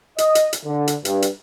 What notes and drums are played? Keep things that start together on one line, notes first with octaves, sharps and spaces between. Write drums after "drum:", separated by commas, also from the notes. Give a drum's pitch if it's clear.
D#5, drum: hi-hat
drum: hi-hat
drum: hi-hat
D3
drum: hi-hat
G2, drum: hi-hat
drum: hi-hat